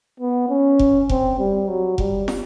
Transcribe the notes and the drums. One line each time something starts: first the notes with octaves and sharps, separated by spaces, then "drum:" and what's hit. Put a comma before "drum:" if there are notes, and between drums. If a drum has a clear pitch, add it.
B3
C#4
drum: kick F1
C4, drum: kick F1
G3
F#3
G3, drum: kick F1
drum: snare